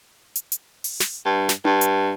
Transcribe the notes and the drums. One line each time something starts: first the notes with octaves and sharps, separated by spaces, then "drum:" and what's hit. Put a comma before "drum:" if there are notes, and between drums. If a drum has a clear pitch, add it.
drum: hi-hat
drum: hi-hat
drum: open hi-hat
drum: snare
G2
drum: snare
G2, drum: tom D4
drum: hi-hat